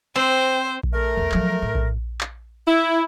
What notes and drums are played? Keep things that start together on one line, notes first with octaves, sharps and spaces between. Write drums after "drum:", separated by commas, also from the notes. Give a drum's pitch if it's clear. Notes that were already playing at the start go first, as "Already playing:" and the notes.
C4 C5
drum: kick A#1
A3 A#4
E2
F3 F#3, drum: clap
A2
drum: kick A#1
drum: clap
E4